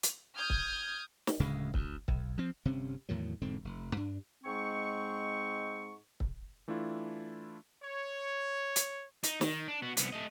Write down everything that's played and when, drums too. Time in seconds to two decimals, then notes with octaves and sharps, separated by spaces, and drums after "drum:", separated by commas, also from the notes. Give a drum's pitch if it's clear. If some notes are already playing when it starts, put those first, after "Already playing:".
0.03 drum: hi-hat
0.36 D#6 F6 G6 G#6
0.50 drum: kick
1.27 drum: snare
1.40 D1 D2 C#3 G#3
1.74 D2, drum: kick
2.08 B1, drum: kick
2.38 F3 C4
2.65 G1 C3 C4 C#4
3.09 E2 A2 D#3 F#3
3.41 E1 G#2 D3 C4
3.65 F1
3.97 G2 D4
4.44 G#2 G#3 C4 C#6
6.20 drum: kick
6.68 E3 A3 D4 E4 F4
7.83 C#5
8.76 drum: hi-hat
9.23 D#4, drum: hi-hat
9.41 D#3, drum: snare
9.68 D4
9.82 B3 F#4
9.97 C2 B3, drum: hi-hat
10.13 A3 D#5